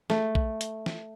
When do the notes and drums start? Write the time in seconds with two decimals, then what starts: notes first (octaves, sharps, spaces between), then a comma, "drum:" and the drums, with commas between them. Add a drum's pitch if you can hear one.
0.10 A3, drum: snare
0.35 drum: kick A#1
0.61 drum: hi-hat
0.86 drum: snare